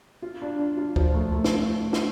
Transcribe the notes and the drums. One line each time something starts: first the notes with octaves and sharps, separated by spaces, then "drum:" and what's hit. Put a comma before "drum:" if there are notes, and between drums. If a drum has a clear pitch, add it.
F4
D4
D4
F4
F3, drum: kick D2
A3
A3
drum: snare
drum: snare